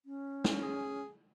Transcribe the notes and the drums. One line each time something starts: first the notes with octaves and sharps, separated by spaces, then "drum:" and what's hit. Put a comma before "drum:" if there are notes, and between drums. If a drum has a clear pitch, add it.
C#4
drum: snare
G#4